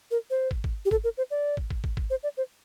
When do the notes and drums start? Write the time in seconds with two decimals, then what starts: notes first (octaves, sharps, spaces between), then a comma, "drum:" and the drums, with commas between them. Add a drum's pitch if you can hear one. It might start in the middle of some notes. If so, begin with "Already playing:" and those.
0.11 A#4
0.30 C5
0.51 drum: kick
0.64 drum: kick
0.85 G4
0.91 A4, drum: kick
1.04 A#4
1.17 C5
1.31 D5
1.57 drum: kick
1.70 drum: kick
1.84 drum: kick
1.97 drum: kick
2.10 C5
2.23 D5
2.37 C5